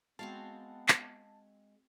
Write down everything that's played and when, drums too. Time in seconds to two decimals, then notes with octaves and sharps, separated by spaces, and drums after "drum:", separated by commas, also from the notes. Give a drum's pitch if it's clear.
0.19 G#3 B3 C4 F#4 F5 A5
0.88 drum: clap